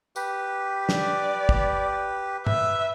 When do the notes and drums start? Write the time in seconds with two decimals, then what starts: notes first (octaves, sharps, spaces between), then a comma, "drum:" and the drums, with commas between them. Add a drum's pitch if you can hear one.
0.16 G4 B4, drum: tambourine
0.89 D5, drum: snare
1.49 drum: kick
2.47 B4 E5, drum: tom G2